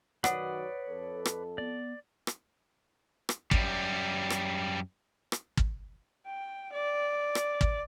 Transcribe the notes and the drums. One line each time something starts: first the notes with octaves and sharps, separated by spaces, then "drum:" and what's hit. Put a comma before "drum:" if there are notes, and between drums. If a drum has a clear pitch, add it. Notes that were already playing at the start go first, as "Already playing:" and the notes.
D#3 F#3 B4 C#5 D5 F#5 D#6, drum: rim click
F2 A4
drum: rim click
B3 D5
drum: rim click
drum: rim click
F#2 G3, drum: kick
drum: rim click
drum: rim click
drum: kick
G5
D5
drum: rim click
drum: kick